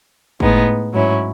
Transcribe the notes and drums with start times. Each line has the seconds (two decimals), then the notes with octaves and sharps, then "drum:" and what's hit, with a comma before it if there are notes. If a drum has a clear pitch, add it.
0.40 A2 G#3 B3 D#4, drum: kick
0.93 G#2 F#3 C#4 E4